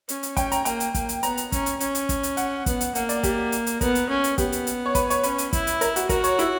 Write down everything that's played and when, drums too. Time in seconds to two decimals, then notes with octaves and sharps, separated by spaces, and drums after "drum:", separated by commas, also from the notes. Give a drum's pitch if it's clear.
0.09 C#4, drum: hi-hat
0.23 drum: hi-hat
0.37 C#4 G5, drum: kick, hi-hat
0.52 A#5, drum: hi-hat
0.65 A#3 G5, drum: hi-hat
0.80 drum: hi-hat
0.94 A#3, drum: kick, hi-hat
1.09 drum: hi-hat
1.23 B3 A#5, drum: hi-hat
1.37 drum: hi-hat
1.52 C#4, drum: kick, hi-hat
1.66 drum: hi-hat
1.80 C#4, drum: hi-hat
1.95 drum: hi-hat
2.09 drum: kick, hi-hat
2.23 drum: hi-hat
2.37 F#5, drum: hi-hat
2.66 B3, drum: kick, hi-hat
2.81 drum: hi-hat
2.95 A#3 F#5, drum: hi-hat
3.09 D5, drum: hi-hat
3.23 G4, drum: kick, hi-hat
3.52 drum: hi-hat
3.67 drum: hi-hat
3.81 B3 A#4, drum: kick, hi-hat
3.95 drum: hi-hat
4.09 C#4
4.24 drum: hi-hat
4.38 B3 G4, drum: kick, hi-hat
4.52 drum: hi-hat
4.67 drum: hi-hat
4.86 C#5
4.95 B4, drum: kick, hi-hat
5.10 C#5, drum: hi-hat
5.23 C#4 B4, drum: hi-hat
5.38 drum: hi-hat
5.53 E4, drum: kick, hi-hat
5.67 drum: hi-hat
5.81 A#4, drum: hi-hat
5.96 F#4, drum: hi-hat
6.09 F#4 A#4, drum: kick, hi-hat
6.24 C#5, drum: hi-hat
6.39 E4, drum: hi-hat